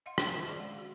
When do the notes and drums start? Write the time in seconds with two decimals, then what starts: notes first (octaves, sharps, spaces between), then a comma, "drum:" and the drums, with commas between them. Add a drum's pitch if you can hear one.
0.06 D#5 F5 F#5 C6
0.18 C5 C#5 G5 B5, drum: rim click
0.33 D#3 C#4 F4 D#5 E5 B5
0.47 G#4 D5 D6
0.60 G#3 F#5
0.79 F#4